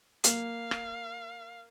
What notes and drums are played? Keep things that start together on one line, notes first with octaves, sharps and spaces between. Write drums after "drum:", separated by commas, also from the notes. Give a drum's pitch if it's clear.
A#3 F5, drum: hi-hat
drum: rim click